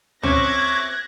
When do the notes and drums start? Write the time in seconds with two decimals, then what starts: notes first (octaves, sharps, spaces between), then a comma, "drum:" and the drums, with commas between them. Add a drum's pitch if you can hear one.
0.23 C4 C#4 E5 C#6 D6 F#6 G#6 A#6, drum: tom C#2